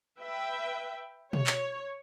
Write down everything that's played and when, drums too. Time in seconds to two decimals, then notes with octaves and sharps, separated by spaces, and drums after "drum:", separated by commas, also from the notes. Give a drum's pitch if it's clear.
0.19 B4 E5 G5
1.33 C#5, drum: tom B2
1.47 drum: clap